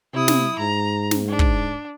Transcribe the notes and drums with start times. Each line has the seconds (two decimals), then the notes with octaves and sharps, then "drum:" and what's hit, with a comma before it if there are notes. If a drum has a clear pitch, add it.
0.14 C3 E4 D#6
0.28 drum: snare
0.59 G#2 A#5
1.11 drum: snare
1.29 D4
1.39 drum: kick